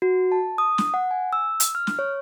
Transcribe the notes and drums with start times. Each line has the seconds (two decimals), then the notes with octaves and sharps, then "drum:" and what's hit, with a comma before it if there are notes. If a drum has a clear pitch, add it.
0.02 F#4
0.32 A5
0.58 D#6
0.78 drum: snare
0.94 F#5
1.11 G#5
1.33 E6
1.60 drum: hi-hat
1.75 F6
1.87 drum: snare
1.99 C#5